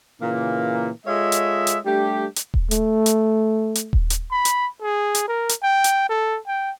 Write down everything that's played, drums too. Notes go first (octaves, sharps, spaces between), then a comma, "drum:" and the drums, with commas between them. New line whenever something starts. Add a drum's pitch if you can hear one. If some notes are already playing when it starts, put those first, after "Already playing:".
A#2 C#3 E3 A#3
G#3 F4 A4 C#5 D#5 E5
drum: hi-hat
drum: hi-hat
G3 A3 D4 G4
drum: hi-hat
drum: kick D#1
A3, drum: hi-hat
drum: hi-hat
drum: hi-hat
drum: kick D#1
drum: hi-hat
B5
drum: hi-hat
G#4
drum: hi-hat
A#4
drum: hi-hat
G5
drum: hi-hat
A4
G5